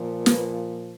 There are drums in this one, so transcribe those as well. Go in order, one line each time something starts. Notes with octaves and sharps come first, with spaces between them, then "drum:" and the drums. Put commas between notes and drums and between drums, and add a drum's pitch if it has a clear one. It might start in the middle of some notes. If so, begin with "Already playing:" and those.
Already playing: A#2 F3
B4, drum: snare